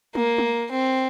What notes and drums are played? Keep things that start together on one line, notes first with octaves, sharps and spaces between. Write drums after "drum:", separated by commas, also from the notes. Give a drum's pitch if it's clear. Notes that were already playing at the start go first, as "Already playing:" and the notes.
A#3, drum: tom
drum: tom
C4